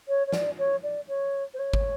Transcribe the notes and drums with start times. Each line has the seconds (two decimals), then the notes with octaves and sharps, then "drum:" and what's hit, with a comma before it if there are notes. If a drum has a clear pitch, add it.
0.08 C#5
0.27 C#5
0.32 D5, drum: snare
0.58 C#5
0.83 D5
1.08 C#5
1.54 C5
1.59 C#5
1.73 drum: kick G#1